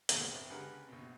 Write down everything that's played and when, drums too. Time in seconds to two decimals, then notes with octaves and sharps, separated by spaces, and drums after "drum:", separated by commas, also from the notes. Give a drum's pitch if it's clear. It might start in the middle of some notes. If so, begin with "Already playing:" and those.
0.09 D#2 B2 D3 G#3 A#3, drum: hi-hat
0.29 A1 B3 C4 G5
0.50 C#2 D3 G#3 G4 A#4 B4
0.89 A#1 B2